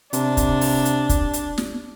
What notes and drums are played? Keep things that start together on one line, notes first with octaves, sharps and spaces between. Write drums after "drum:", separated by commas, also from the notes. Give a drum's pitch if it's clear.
C3 D4, drum: hi-hat
drum: kick, hi-hat
drum: open hi-hat
drum: hi-hat
drum: kick, hi-hat
drum: hi-hat
drum: snare